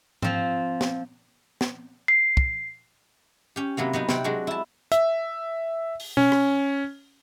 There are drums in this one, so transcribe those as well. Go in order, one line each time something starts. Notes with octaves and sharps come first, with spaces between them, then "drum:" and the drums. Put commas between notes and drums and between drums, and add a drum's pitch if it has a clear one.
F3 C4, drum: tom G#2
drum: snare
drum: snare
C7
drum: kick
C#4 G4
C3 F#3 A#3 B3
F#3 B3 D#4
C3 C4 F#5 G5, drum: snare
F#3 G#3 D4 F#4
E4 A5
E5, drum: hi-hat
drum: open hi-hat
C#4, drum: tom B2
drum: rim click